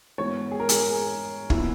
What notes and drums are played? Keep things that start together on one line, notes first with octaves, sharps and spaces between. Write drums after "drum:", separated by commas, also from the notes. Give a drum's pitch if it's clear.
G#2 E3 B3 C#5
G#4
A#4
G#4, drum: hi-hat
A#2 F#3 B3 E4, drum: kick